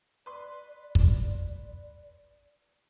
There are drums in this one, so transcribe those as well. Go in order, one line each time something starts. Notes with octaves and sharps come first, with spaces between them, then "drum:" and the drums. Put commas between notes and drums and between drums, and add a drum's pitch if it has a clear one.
B4 D5 C6
drum: kick